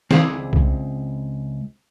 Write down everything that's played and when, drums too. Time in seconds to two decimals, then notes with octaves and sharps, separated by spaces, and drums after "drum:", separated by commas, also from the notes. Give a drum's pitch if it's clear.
0.11 C#2 C4 E4 G#4 D5 F5, drum: snare
0.53 drum: kick C2